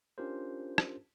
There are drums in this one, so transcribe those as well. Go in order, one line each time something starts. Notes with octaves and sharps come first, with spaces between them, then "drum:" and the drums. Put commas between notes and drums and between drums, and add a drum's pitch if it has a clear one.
C#4 D4 F4 G4 A#4 C5
drum: rim click